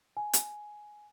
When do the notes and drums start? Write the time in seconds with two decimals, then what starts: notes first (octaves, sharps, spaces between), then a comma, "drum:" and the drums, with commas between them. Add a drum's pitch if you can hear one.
0.17 G#5
0.33 drum: hi-hat